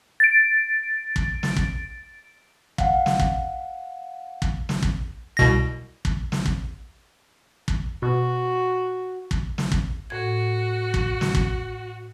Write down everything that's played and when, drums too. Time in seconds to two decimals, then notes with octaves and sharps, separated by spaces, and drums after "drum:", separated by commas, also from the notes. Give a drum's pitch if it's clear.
0.20 A6 D7
1.16 drum: kick
1.43 drum: snare
1.56 drum: kick
2.78 F5 F#5, drum: kick
3.06 drum: snare
3.19 drum: kick
4.42 drum: kick
4.69 drum: snare
4.83 drum: kick
5.37 C2 B2 A#6
6.05 drum: kick
6.32 drum: snare
6.46 drum: kick
7.68 drum: kick
8.02 B2 F#4
9.31 drum: kick
9.58 drum: snare
9.72 drum: kick
10.10 A2 F#4 G#6
10.94 drum: kick
11.21 drum: snare
11.35 drum: kick